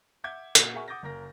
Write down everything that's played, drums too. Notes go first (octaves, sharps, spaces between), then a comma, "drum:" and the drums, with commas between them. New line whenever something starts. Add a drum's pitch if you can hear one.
E5 F#5 D6 G6 G#6
A#2 F#4, drum: hi-hat
F#4 G#4 A#4 E5 G#5 C#6
F#5 D6 D#6 G6 A6 A#6
F#1 A#4 A#6